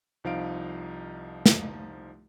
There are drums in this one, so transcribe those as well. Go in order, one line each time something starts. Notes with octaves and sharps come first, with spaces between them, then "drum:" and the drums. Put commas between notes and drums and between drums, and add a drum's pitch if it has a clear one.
C2 F3 D#4 F5 D7
drum: snare